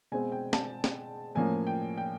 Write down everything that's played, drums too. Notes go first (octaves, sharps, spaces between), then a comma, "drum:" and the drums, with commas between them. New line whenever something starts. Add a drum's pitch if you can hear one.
B2 G#3 C4 G#5
G5
A5, drum: snare
drum: snare
A2 F3 A#3 C#4 G#5
G5
G5